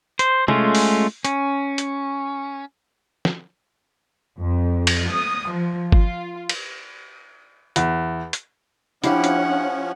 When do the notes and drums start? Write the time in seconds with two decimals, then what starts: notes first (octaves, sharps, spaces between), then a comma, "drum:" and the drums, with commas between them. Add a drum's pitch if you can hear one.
0.19 C5, drum: hi-hat
0.48 G#3 A3 C#4 F4, drum: tom
0.75 drum: open hi-hat
1.25 C#4, drum: hi-hat
1.78 drum: hi-hat
3.25 drum: snare
4.38 F2
4.87 drum: cymbal
5.11 D#6
5.51 F3
5.92 F4, drum: kick G1
6.49 drum: cymbal
7.76 E2, drum: hi-hat
8.33 drum: hi-hat
9.04 F3 C#4 D4 E4 G4 F#5, drum: hi-hat
9.24 drum: hi-hat